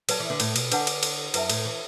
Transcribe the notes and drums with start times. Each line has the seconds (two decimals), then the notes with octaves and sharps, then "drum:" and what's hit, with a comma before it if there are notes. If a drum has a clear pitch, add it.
0.09 F#3 B4 D5 A5, drum: cymbal
0.20 E3
0.30 D3
0.40 A2, drum: cymbal
0.56 B2, drum: cymbal
0.72 D3 D4 B4 F#5 A5, drum: cymbal
0.87 drum: cymbal
1.03 drum: cymbal
1.34 F#2 E4 B4 E5 A5, drum: cymbal
1.50 A2, drum: cymbal
1.65 E3